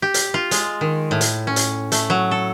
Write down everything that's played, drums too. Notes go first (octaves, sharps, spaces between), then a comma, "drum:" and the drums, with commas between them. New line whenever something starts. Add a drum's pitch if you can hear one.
G4
drum: hi-hat
F4
G#3, drum: hi-hat
D#3
A2
drum: hi-hat
C#4
drum: hi-hat
A3, drum: hi-hat
F#3
A4